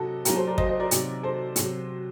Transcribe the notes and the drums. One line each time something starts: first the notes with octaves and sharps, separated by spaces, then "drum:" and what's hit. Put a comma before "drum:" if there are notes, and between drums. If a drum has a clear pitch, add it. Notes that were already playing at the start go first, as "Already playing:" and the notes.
Already playing: C3 F#3 D#4 F#4 A4
A#2 F#3 G4 A#4, drum: hi-hat
A4 C5
A#4 D5
C5 D#5, drum: kick
C5 D#5
A#4 D5
C3 D#3 F#3, drum: hi-hat
A4 C5
C3 F#3, drum: hi-hat